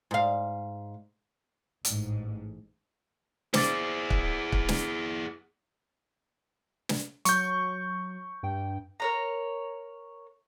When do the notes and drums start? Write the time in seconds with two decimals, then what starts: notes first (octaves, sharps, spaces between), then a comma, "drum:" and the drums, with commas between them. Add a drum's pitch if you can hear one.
0.11 G#2 F5
1.85 A1 G#2, drum: hi-hat
3.54 E4 G#4 C5 D6 A6, drum: snare
4.10 drum: kick
4.52 drum: kick
4.68 drum: snare
6.89 drum: snare
7.25 F#3 C#6 G6, drum: hi-hat
8.43 G2 G5
9.00 A#4 C#5 A#5